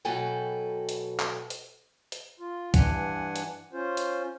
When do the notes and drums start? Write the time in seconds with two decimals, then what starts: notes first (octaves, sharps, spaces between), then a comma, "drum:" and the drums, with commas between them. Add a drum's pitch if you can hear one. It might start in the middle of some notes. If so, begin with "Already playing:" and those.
0.05 B2 F#3 A4 B4 G5 G#5
0.89 drum: hi-hat
1.20 drum: clap
1.50 drum: hi-hat
2.12 drum: hi-hat
2.39 F4
2.74 G2 E3 D4 F#5 G#5, drum: kick C2, hi-hat
3.36 drum: hi-hat
3.73 C#4 F4 C5
3.97 drum: hi-hat